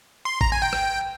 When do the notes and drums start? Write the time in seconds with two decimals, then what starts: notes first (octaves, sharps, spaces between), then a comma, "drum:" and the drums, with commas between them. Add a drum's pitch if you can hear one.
0.25 C6
0.41 A#5, drum: kick G#1
0.52 G#5
0.62 G5
0.73 drum: rim click